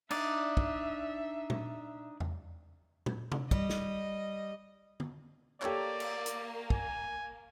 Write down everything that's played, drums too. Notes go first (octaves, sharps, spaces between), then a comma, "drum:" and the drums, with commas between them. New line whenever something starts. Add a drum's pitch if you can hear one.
D4 D#4 D5 E5, drum: cymbal
drum: kick
drum: tom A#2
drum: tom E2
drum: tom A#2
drum: tom C3
G3 D#5, drum: kick
drum: snare
drum: tom D3
A#3 G4 A4 C#5 D5, drum: clap
drum: cymbal
drum: hi-hat
G#5, drum: kick